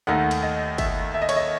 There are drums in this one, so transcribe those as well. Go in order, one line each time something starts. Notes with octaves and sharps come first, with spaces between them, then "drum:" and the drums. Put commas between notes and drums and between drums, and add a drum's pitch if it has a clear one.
D#2 D#3 A3 D#4 F#5
drum: cymbal
D#5
E5, drum: kick G1, cymbal
E5
D#5
C#5, drum: cymbal
D#5